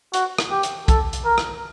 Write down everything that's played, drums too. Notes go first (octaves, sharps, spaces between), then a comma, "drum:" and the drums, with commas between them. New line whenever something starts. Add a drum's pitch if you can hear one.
F#4, drum: hi-hat
drum: rim click
G4
drum: hi-hat
A4, drum: kick, hi-hat
drum: hi-hat
A#4
drum: rim click